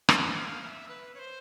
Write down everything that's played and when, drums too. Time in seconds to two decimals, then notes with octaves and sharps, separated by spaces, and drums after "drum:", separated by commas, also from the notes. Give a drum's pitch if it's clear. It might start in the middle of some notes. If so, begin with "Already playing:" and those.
0.09 C6, drum: rim click
0.22 F#5
0.35 F5
0.48 F5
0.62 F5
0.66 E5
0.88 B4
1.15 C#5
1.19 C5